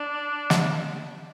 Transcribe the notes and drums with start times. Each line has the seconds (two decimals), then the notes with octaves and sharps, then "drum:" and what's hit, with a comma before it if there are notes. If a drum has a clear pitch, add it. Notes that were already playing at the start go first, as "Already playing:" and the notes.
Already playing: D4
0.50 drum: snare